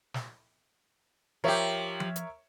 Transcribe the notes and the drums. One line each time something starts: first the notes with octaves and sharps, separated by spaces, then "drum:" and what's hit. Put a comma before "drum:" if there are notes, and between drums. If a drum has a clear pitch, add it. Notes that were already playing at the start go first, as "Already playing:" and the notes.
drum: snare
F3 G4 A#4 C#5 E5
drum: tom F3
drum: hi-hat